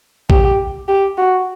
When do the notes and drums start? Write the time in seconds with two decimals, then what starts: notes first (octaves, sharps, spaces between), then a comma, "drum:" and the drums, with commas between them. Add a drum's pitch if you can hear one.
0.30 G4, drum: kick A#1
0.88 G4
1.17 F#4